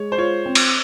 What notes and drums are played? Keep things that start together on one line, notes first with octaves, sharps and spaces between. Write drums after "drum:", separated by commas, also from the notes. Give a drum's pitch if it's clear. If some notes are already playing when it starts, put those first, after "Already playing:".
Already playing: G#3 C#5
C5
F4 C#5
C4
drum: cymbal